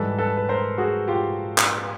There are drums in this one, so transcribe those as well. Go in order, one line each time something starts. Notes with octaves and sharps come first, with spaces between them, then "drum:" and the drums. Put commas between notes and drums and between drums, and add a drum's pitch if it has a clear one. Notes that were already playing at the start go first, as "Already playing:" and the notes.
Already playing: G#2 E3 G3 A4 B4
A4 B4
B4
A#4 C5
F#4 G#4
F4 G4
drum: clap